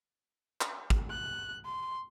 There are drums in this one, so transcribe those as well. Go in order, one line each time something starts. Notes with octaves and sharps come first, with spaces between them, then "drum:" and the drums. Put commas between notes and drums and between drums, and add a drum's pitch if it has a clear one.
drum: clap
drum: kick G#1
F#6
C6